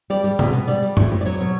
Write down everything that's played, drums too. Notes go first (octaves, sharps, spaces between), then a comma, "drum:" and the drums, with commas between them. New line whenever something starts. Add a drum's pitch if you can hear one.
G3 D5
G3
B2, drum: tom C3
B2
G3 D5
G3
A2, drum: tom F#2
A2
D5
F#3 C#5
B2 C#5